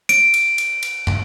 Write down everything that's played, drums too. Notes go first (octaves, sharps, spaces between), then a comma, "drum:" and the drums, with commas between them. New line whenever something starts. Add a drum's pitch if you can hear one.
D7, drum: cymbal
drum: cymbal
drum: cymbal
drum: cymbal
drum: tom